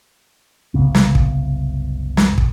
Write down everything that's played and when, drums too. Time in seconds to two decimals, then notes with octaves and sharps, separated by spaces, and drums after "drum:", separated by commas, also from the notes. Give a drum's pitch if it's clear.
0.74 F#1 C2 C#3 B3
0.95 drum: snare
1.15 drum: kick
2.17 drum: snare
2.38 drum: kick